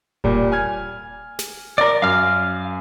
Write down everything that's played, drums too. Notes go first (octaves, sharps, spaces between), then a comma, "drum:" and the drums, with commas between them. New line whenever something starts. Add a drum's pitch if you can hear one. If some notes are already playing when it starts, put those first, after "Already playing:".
A#2 G3, drum: kick E1
G#5 F6 G#6
drum: snare
A#4 D5
F#2 F5 F6